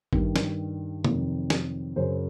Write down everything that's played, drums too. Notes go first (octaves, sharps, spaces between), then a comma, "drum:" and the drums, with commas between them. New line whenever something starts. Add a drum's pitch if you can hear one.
G2 D#3 G3, drum: kick G#1
drum: snare
F2 C3 D#3 F#3, drum: tom B2
drum: snare
F#2 C#3 F#3 C5